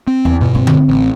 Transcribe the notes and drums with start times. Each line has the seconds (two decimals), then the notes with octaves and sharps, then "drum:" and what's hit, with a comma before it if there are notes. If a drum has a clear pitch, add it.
0.07 C4
0.25 E2
0.40 G2 B2
0.55 C4
0.67 drum: tom D3
0.88 A1